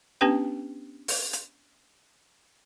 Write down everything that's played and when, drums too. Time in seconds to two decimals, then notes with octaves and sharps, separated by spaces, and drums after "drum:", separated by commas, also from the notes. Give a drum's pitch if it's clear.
0.21 B3 C#4 D4 G4 B4 G5
1.08 drum: open hi-hat
1.33 drum: hi-hat